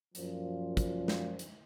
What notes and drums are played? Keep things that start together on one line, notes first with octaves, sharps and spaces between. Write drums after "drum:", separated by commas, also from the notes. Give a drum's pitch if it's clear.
F#2 A#2 F3, drum: hi-hat
drum: kick, hi-hat
drum: snare
drum: hi-hat